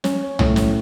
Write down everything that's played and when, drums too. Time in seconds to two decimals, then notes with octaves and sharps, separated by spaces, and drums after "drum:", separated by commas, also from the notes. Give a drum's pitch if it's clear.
0.04 C#4, drum: snare
0.39 A2, drum: tom
0.56 drum: snare